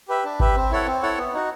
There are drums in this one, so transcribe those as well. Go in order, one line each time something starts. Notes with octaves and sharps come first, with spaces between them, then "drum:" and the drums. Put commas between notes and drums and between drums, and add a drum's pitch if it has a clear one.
G4 B4 E5
D4
G4 B4 E5, drum: kick G#1
C4
E4 A4 C#5 F#5
C4
E4 A4 C#5 F#5
B3
D#4 F#4